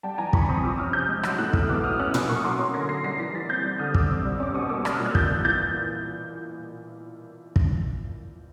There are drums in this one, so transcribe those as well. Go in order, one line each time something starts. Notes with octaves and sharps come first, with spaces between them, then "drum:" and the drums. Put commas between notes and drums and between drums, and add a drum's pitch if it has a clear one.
G3 G5 A5
E3 G#5 A#5
E3 B5 C#6, drum: kick
C4 C#6 D#6
F3 D6 E6
C#4 D#6 F6
C3 F6 G6
G#3
F#3 E6 F#6, drum: rim click
A2 E6 F#6
A2 D#6 F6, drum: kick
B3 D6 E6
F#3 D#6 F6
C#4 E6 F#6
B2 D#6 F6, drum: tom
A#3 C#6 D#6
F#3 C6 D6
C#4
D3 G#6 A#6
A#3 A#6 C7
G3 A#6 C7
E3 A#6 C7
E3 A6 B6
C4 G6 A6
G3
D3 D#6 F6
D3 D6 E6, drum: kick
C4
G3
C#4 D6
B2 C#6 D#6
A#3 D6 E6
G3 D#6 F6, drum: rim click
E6 F#6
A#2
F#6 G#6
A#2 G6 A6, drum: kick
A#3
E3 G6 A6
drum: kick